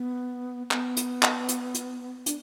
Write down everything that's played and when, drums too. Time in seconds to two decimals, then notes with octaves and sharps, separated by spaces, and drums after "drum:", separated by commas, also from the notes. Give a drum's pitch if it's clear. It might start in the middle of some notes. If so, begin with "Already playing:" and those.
Already playing: B3
0.71 B3, drum: clap
0.97 drum: hi-hat
1.23 drum: clap
1.49 drum: hi-hat
1.74 drum: hi-hat
2.26 D4, drum: hi-hat